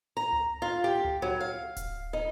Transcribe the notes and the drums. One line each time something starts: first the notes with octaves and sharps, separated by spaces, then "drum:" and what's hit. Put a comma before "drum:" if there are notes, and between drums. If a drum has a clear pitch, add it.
A#5
drum: tom C#2
F4
G4
drum: tom C#2
F#3
F5
drum: kick D1, hi-hat
D#4